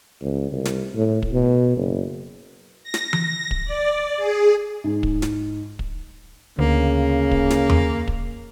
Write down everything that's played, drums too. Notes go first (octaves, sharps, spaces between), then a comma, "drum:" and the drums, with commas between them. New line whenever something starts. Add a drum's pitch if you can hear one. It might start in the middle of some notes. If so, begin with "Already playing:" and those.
C#2
C2
drum: snare
A2
drum: kick
B2
F#1
A#6
drum: snare
drum: tom E3
drum: kick
D5
G#4
G#2
drum: kick
drum: snare
drum: kick
D2 C#3 A#3
drum: kick
drum: snare
drum: tom E2
drum: kick